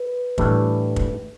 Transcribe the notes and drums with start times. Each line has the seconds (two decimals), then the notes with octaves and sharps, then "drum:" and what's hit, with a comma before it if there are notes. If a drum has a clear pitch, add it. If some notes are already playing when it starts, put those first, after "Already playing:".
Already playing: B4
0.38 A2 E3 G3 D4, drum: kick
0.96 drum: kick